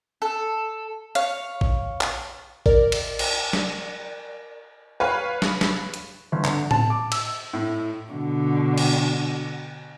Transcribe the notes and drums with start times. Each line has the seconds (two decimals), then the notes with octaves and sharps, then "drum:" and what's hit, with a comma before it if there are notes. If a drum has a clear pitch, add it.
0.22 A4
1.15 C#5 F5, drum: hi-hat
1.61 drum: kick A1
2.01 drum: clap
2.66 A#4 D5, drum: kick A1
2.92 drum: cymbal
3.19 drum: cymbal
3.53 drum: snare
5.00 B4 C#5 F5 B5
5.42 drum: snare
5.61 drum: snare
5.94 drum: hi-hat
6.32 G1
6.45 D3, drum: clap
6.71 A5, drum: tom A2
6.90 D6
7.12 E6, drum: cymbal
7.53 A2
8.11 B2 D3
8.78 drum: cymbal